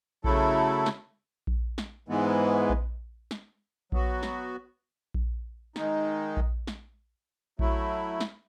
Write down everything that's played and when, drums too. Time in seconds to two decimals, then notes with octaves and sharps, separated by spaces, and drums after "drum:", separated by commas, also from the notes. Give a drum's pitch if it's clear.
0.24 C#3 F#3 A3 E4 A4, drum: kick A#1
0.86 drum: snare
1.47 drum: kick A#1
1.78 drum: snare
2.08 G#2 E3 G#3 B3
2.70 drum: kick A#1
3.31 drum: snare
3.92 F#3 B3 F#4, drum: kick A#1
4.23 drum: snare
5.14 drum: kick A#1
5.76 D#3 G#3 D#4, drum: snare
6.37 drum: kick A#1
6.67 drum: snare
7.59 F#3 A3 E4, drum: kick A#1
8.20 drum: snare